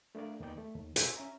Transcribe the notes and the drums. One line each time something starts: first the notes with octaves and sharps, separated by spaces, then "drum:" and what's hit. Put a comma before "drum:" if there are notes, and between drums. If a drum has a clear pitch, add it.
A3 D4 A#4 D5 F5
D#2 A#3 B3 D#4 D5 G5
A3
D#2
G#5 C6 E6, drum: hi-hat
C#4 E5 A#5